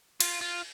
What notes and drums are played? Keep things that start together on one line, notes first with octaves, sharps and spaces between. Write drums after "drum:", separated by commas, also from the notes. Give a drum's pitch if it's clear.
F4, drum: cymbal
F4